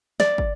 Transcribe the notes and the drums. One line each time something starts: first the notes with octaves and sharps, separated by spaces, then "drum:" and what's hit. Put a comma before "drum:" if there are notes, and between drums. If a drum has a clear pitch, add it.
D5, drum: snare
drum: kick